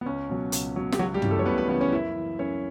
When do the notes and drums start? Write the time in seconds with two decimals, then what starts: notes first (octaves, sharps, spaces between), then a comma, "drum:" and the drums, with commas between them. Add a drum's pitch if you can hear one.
0.01 B3
0.06 C#2 C#4
0.29 B2 F#3
0.52 C#2, drum: hi-hat
0.76 B2 F#3
0.92 G4, drum: snare
0.99 C#2 F#3 F#4
1.14 G3 G4
1.22 C#3 E3, drum: tom
1.30 A3 A4
1.39 C#5
1.46 C#2 B3 B4
1.58 B3 B4
1.69 C#3 E3 B3 B4
1.80 C#4 C#5
1.92 F#2 E4 E5
2.16 E3
2.39 F#2 C#4 C#5